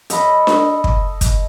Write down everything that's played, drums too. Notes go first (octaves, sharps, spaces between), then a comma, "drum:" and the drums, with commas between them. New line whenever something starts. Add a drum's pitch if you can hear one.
A4 D#5 B5, drum: hi-hat
drum: snare D4
drum: kick
drum: kick, hi-hat